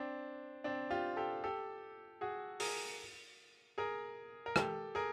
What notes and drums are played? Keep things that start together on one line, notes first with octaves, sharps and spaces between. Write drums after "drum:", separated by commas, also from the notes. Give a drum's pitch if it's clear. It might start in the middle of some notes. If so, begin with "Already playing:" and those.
Already playing: C4 D4
C4 D4
F4 G4
G4 A4
G4 A4
F#4 G#4
G#4 A#4, drum: open hi-hat
G#4 A#4
A#4
G4 A4, drum: rim click
G#4 A#4